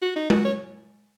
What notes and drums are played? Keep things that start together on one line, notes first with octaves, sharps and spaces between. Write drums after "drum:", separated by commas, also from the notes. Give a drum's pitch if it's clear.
F#4
D#4
F#4, drum: tom G#3
C#5